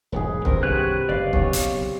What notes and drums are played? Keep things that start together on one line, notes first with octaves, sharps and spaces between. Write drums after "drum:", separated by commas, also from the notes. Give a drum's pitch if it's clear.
E1 B1 G#2 G#4 B4
C2 G2 D#3 C4 A#4 E5, drum: kick
F#4 G4 B4 C#5 F#6
F#1 D5 D#5 F5
B1 C#3 C#5, drum: kick
drum: hi-hat